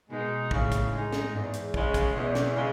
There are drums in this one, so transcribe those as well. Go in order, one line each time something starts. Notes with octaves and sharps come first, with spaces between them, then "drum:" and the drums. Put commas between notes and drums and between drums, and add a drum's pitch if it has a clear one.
B2 G#3 D#4
A2 C#3, drum: kick
drum: kick, hi-hat
G#3 D#4
drum: snare
E2 G#2
drum: hi-hat
C#3 G#3, drum: kick
drum: kick, hi-hat
E2 B2
drum: snare
C#3 G#3